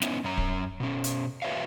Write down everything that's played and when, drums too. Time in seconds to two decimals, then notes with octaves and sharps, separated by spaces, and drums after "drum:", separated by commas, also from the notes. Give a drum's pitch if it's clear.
0.02 B3 C#4 D#4 E4, drum: snare
0.24 F#2 C#4 A#5
0.37 drum: kick D1
0.80 B2 C#4
1.04 drum: hi-hat
1.42 F#4 B4 C#5 E5 F5